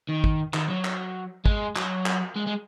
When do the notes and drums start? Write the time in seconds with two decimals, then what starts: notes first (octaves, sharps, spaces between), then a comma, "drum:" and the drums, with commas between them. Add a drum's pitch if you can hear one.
0.09 D#3
0.24 drum: kick
0.54 D#3, drum: clap
0.69 F#3
0.85 drum: clap
1.46 G#3, drum: kick
1.76 F#3, drum: clap
2.06 drum: clap
2.36 G#3
2.46 G#3